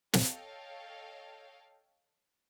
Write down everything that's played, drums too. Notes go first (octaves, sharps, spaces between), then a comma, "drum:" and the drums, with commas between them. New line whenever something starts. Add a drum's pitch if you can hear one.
A4 C#5 D#5 F5 G5, drum: snare